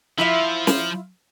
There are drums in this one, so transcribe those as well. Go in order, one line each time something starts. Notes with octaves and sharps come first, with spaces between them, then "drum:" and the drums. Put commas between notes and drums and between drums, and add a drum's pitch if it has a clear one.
F3 E4 F4 E5
drum: snare